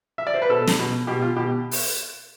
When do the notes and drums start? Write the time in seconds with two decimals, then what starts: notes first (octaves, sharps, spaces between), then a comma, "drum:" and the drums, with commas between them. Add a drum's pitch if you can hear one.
0.18 E5
0.27 D5
0.34 C5
0.42 B4
0.50 B2 A4
0.67 drum: snare
0.79 B2
1.07 B2 G4
1.22 F4
1.36 B2 G4
1.71 drum: open hi-hat